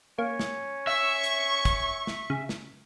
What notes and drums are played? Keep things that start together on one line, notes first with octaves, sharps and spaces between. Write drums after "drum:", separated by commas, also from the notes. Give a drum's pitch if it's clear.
A#3 C#4
drum: snare
E5 C#6
drum: hi-hat
drum: kick, hi-hat
drum: snare
C#3
drum: snare